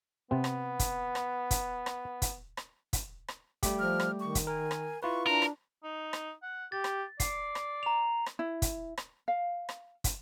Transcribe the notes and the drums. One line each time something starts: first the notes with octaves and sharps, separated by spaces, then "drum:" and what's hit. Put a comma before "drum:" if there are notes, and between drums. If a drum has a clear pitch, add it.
C3 B3 C4
drum: rim click
drum: kick, hi-hat
drum: rim click
drum: kick, hi-hat
drum: rim click
drum: kick, hi-hat
drum: rim click
drum: kick, hi-hat
drum: rim click
G3 A3 G4, drum: kick, hi-hat
F3 F6
drum: rim click
D#3 C#6
drum: kick, hi-hat
A#4 G#5
drum: rim click
E4 F4 B4 C#6
D4 A#4 A#5
drum: rim click
D#4
drum: rim click
F#5
G4 A6
drum: rim click
D5 C7, drum: kick, hi-hat
drum: rim click
A#5 F7
drum: rim click
E4
drum: kick, hi-hat
drum: rim click
F5
drum: rim click
drum: kick, hi-hat